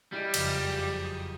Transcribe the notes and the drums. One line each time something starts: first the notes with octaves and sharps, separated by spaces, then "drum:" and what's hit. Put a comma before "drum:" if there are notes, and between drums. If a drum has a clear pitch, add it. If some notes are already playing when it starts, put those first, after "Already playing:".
G3 E4 G#4 D#5
F#1 F2 F6, drum: cymbal
D#6 B6